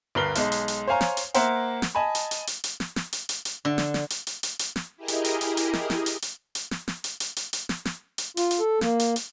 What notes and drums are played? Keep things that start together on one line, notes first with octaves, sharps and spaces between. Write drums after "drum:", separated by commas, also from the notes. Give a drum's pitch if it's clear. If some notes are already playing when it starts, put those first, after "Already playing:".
D2 G2 A#4 B4 C7 G7
B1 G#3 D#5, drum: hi-hat
drum: hi-hat
drum: hi-hat
C5 C#5 F5 G#5 A#5 C6
drum: snare
drum: hi-hat
A#3 A#4 C5 E5 F#5, drum: hi-hat
drum: snare
D#5 G#5 A5 B5
drum: hi-hat
drum: hi-hat
drum: hi-hat
drum: hi-hat
drum: snare
drum: snare
drum: hi-hat
drum: hi-hat
drum: hi-hat
D3
drum: snare
drum: snare
drum: hi-hat
drum: hi-hat
drum: hi-hat
drum: hi-hat
drum: snare
E4 G4 G#4 A#4 D#5
drum: hi-hat
drum: hi-hat
drum: hi-hat
drum: hi-hat
drum: snare
drum: snare
drum: hi-hat
drum: hi-hat
drum: hi-hat
drum: snare
drum: snare
drum: hi-hat
drum: hi-hat
drum: hi-hat
drum: hi-hat
drum: snare
drum: snare
drum: hi-hat
F4, drum: hi-hat
drum: hi-hat
A4
A#3, drum: snare
drum: hi-hat
drum: hi-hat